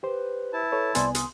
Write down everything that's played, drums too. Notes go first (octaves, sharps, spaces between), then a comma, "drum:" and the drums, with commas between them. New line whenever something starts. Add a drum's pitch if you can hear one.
G4 B4 C5
E4 A5
A4 B4 C#5
C2 B3 C5 D5 G#5 C6, drum: hi-hat
C6 D#6, drum: hi-hat